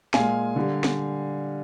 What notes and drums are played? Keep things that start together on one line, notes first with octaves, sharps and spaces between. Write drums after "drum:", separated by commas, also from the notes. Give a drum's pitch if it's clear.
A#2 G#3 F5 G#5, drum: snare
D3 G3
drum: snare